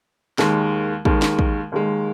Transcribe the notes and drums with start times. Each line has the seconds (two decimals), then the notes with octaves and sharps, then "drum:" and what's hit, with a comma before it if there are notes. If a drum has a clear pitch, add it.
0.38 D#2 D#3 G#3, drum: snare
1.05 D#2 D#3 G#3, drum: kick
1.22 drum: snare
1.39 drum: kick
1.72 D#2 D#3 G#3